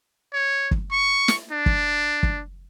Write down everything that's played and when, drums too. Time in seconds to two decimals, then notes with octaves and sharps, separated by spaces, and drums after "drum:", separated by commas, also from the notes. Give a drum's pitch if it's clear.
0.33 C#5
0.71 drum: kick
0.92 C#6
1.28 drum: snare
1.52 D4
1.66 drum: kick
2.23 drum: kick